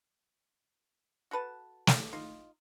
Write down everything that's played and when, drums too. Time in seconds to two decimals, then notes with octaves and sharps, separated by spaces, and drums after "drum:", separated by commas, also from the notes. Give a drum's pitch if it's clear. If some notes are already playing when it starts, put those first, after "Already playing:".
1.31 F#4 A4 B4 A5
1.87 drum: snare
2.13 D#4 F4